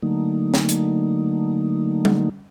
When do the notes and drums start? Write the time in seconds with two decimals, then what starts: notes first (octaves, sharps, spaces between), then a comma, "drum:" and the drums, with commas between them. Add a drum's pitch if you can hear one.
0.02 D3 F#3 A3 A#3 D#4
0.54 drum: snare
0.69 drum: hi-hat
2.05 drum: tom G3